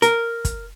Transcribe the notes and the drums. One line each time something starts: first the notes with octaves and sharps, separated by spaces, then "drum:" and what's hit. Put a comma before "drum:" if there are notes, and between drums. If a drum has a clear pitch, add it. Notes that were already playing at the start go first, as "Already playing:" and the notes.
A#4, drum: hi-hat
drum: kick, hi-hat